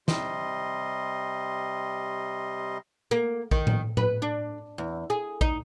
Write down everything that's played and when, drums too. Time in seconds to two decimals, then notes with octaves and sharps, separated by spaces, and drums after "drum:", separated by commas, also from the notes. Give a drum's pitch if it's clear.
0.08 C3 G3 D#5 C6, drum: snare
3.11 A#3
3.51 D#3, drum: kick A#1
3.67 drum: tom A2
3.97 B4, drum: tom A2
4.22 D4
4.78 E2
5.10 G#4
5.41 D#4, drum: kick A#1